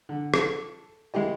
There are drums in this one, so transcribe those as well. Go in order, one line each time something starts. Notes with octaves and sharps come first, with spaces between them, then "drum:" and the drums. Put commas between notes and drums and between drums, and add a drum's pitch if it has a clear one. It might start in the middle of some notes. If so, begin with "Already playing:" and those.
D3
A4, drum: rim click
C2 G#3 E4 G4 D#5